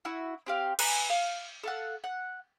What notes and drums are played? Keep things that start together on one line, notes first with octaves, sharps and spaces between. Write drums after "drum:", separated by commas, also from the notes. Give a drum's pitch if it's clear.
E4 F#4
C4 G4 F5
B4 E5 G#5 A#5, drum: cymbal
F5
A4 F5 F#5
F#5